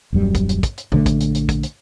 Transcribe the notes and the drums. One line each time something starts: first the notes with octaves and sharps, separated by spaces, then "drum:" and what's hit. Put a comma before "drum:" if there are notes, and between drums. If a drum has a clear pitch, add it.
D#1 F#2 G3
drum: kick, hi-hat
drum: hi-hat
drum: kick, hi-hat
drum: hi-hat
A#1 D3 A3, drum: tom
drum: kick, hi-hat
drum: hi-hat
drum: hi-hat
drum: kick, hi-hat
drum: hi-hat